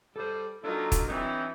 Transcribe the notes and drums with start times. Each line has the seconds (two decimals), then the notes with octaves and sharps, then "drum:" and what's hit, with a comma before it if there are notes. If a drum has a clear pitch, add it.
0.16 G3 A4 C5
0.64 F#3 A#3 D4 D#4 F4 A4
0.92 drum: kick, hi-hat
1.08 E3 C4 D#4 C#5